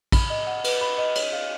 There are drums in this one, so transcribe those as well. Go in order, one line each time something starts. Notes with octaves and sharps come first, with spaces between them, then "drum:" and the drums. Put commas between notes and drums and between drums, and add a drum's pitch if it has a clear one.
B5, drum: kick, cymbal
D#5
F#5
B4, drum: cymbal
B5
D#5
C#5, drum: cymbal
F5